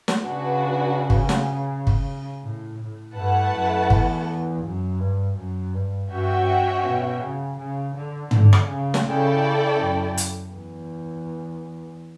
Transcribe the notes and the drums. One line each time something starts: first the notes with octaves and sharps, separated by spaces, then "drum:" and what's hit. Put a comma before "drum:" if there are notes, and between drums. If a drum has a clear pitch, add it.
drum: snare
C#3 D4 F#4 B4
drum: kick
drum: snare
drum: kick
A2
A2
G2 A3 E4 B4 F#5 A5
F#2
E2, drum: kick
F#2
G2
F#2
G2
G2 C#4 F#4 C#5 E5 G5
B2
C#3
C#3
D3
D3, drum: tom
drum: rim click
C#3
drum: snare
C#3 C#4 E4 A4 D5 G5
F#2
drum: hi-hat
E2